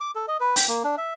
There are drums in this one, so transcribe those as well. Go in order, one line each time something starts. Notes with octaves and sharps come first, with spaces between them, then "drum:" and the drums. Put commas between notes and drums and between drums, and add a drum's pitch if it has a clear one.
D6
A4
D#5
B4
G5, drum: open hi-hat
A#3
D4
E5